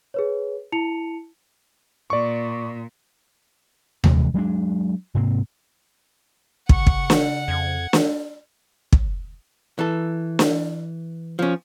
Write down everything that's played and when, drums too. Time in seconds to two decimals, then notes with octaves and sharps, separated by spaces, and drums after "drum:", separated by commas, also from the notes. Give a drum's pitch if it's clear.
0.14 G#4 B4 C#5
0.72 E4 A5 C#7 F7
2.10 A#2 D5 C#6
4.04 F1 C3 E3 G#3, drum: tom D#2
4.34 F#3 G#3 A#3 D4
5.15 G#2 C3 A#3 C4
6.69 C#3 F#5 C#6, drum: kick
6.87 drum: kick
7.10 drum: snare
7.48 F2 G#6
7.93 drum: snare
8.93 drum: kick
9.79 E3 A4
10.39 drum: snare
11.39 F3 C#4